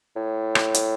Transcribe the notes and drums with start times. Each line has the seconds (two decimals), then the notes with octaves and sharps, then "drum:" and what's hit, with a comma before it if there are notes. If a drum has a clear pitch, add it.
0.16 A2
0.55 drum: rim click
0.74 drum: hi-hat